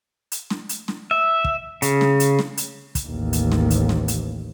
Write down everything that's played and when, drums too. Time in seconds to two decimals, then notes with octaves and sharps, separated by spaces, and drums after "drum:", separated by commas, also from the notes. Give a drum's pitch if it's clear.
0.32 drum: hi-hat
0.50 drum: snare
0.69 drum: hi-hat
0.88 drum: snare
1.11 E5
1.44 drum: kick
1.82 C#3, drum: hi-hat
2.01 drum: snare
2.20 drum: hi-hat
2.39 drum: snare
2.57 drum: hi-hat
2.95 drum: kick, hi-hat
3.07 A1 D#2
3.33 drum: hi-hat
3.52 drum: snare
3.70 drum: hi-hat
3.89 drum: snare
4.08 drum: hi-hat